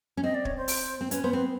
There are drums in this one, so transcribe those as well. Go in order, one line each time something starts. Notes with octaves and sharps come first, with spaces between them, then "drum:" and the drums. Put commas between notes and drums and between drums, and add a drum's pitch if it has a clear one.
C#4
C4 D#5
D5
C#5, drum: kick
C5
drum: open hi-hat
C4
C#4 B4, drum: hi-hat
B3 C5
C4 B4